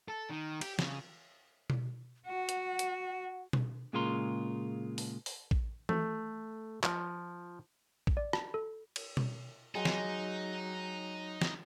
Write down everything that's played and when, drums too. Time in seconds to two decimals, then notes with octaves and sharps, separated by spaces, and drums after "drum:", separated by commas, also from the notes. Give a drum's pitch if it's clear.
0.08 A4
0.29 D#3
0.61 G4, drum: cymbal
0.79 C#3, drum: snare
1.70 drum: tom B2
2.26 F#4 F#5
2.49 drum: hi-hat
2.79 drum: hi-hat
3.53 drum: tom B2
3.93 A#2 C#3 G#3 F4 A#4 C6
4.98 drum: open hi-hat
5.26 drum: open hi-hat
5.51 drum: kick
5.89 A3, drum: tom E3
6.83 F3, drum: clap
8.07 drum: kick
8.17 D5
8.33 A5, drum: rim click
8.54 A4
8.96 drum: cymbal
9.17 drum: tom B2
9.75 F#3 G#3 D#4 G5 D6
9.85 drum: snare
11.42 drum: snare